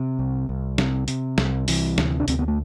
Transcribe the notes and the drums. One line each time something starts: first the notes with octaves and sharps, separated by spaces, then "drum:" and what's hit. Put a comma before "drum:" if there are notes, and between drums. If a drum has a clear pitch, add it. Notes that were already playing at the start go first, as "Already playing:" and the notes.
Already playing: C3
C2
C2
C3, drum: snare
C3, drum: hi-hat
C2, drum: snare
C3 E3, drum: open hi-hat
D2, drum: snare
D4
D2 C4, drum: hi-hat
B3
A3